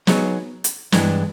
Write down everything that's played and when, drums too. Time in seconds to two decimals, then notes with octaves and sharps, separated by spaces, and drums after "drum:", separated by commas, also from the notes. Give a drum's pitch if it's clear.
0.07 F#3 B3 D#4 G#4 C#5, drum: snare
0.64 drum: hi-hat
0.92 G2 E3 G#3 B3 D4, drum: snare